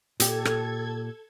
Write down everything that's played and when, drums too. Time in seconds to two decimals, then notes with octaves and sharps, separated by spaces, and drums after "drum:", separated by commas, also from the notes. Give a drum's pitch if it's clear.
0.20 A#2 G4 A4 G#6, drum: hi-hat
0.45 drum: rim click